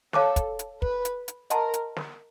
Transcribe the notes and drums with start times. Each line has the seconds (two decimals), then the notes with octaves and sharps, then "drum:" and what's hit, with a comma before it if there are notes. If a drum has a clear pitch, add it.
0.13 A4 C#5 F5 A5 D6 F#6, drum: snare
0.36 drum: kick, hi-hat
0.59 drum: hi-hat
0.82 B4, drum: kick
1.05 drum: hi-hat
1.28 drum: hi-hat
1.50 A#4 D#5 F#5 A5 C6, drum: hi-hat
1.74 drum: hi-hat
1.96 drum: snare